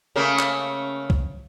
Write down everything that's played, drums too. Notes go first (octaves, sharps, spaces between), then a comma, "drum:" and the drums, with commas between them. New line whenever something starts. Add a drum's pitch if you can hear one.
C#3 A3 A#3
drum: clap
drum: kick C2